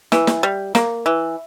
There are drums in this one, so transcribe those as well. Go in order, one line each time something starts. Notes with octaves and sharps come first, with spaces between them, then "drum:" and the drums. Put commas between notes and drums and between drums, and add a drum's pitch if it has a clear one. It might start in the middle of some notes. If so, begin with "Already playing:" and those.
E3, drum: snare
drum: snare
G3
A#3, drum: snare
E3